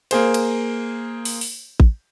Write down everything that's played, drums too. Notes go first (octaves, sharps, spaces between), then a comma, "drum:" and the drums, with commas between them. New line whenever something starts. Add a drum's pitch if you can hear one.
A#3 G#4 C5, drum: cymbal
drum: cymbal
drum: open hi-hat
drum: open hi-hat
drum: kick A1